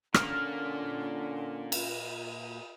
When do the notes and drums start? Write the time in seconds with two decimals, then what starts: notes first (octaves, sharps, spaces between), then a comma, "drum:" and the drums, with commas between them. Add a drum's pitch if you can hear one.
0.14 A#2 D3 A#3 C#4 F6, drum: rim click
1.72 drum: cymbal